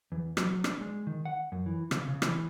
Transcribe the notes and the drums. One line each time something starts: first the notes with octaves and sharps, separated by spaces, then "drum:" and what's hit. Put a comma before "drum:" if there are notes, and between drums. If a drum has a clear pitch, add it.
E2
F#3, drum: rim click
D4, drum: rim click
G#3
D#3
F#5
F#2
E3
C#3, drum: rim click
C#3
E3, drum: rim click